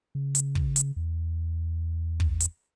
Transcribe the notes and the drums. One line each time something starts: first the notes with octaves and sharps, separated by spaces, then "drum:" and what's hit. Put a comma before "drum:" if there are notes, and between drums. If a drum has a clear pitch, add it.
C#3
drum: hi-hat
drum: kick
drum: hi-hat
E2
drum: kick
drum: hi-hat